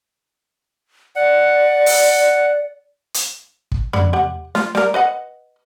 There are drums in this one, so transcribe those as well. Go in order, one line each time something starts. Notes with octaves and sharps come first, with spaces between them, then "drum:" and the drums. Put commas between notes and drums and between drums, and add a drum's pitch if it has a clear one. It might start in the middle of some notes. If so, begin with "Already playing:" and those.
D5 F#5
drum: open hi-hat
drum: hi-hat
drum: kick
D3 B5, drum: tom
G4 F#5
F4, drum: snare
G3 A#4, drum: snare
B4 D#5 F#5